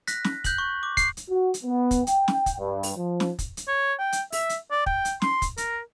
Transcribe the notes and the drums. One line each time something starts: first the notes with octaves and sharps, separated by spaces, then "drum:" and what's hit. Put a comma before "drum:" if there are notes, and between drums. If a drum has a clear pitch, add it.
F#6 A#6 B6, drum: hi-hat
drum: snare
F#6 G6 F#7, drum: kick, hi-hat
C#6
D6
C7, drum: kick, hi-hat
drum: hi-hat
F#4
drum: hi-hat
B3
drum: kick, hi-hat
G5, drum: hi-hat
drum: snare
drum: kick, hi-hat
G2
drum: open hi-hat
F3
drum: snare
drum: kick, hi-hat
drum: hi-hat
C#5
G5
drum: hi-hat
E5, drum: open hi-hat
drum: hi-hat
D5
G5, drum: kick
drum: hi-hat
C6, drum: snare
drum: kick, hi-hat
A#4, drum: hi-hat